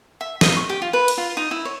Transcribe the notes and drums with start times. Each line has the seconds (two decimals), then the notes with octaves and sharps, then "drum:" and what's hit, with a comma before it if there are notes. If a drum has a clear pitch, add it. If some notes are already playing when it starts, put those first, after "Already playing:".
0.21 E5
0.41 D#5, drum: snare
0.57 C#6
0.70 G4
0.82 F4
0.93 B4
1.08 drum: cymbal
1.18 F4
1.37 D#4
1.51 E4
1.65 C#5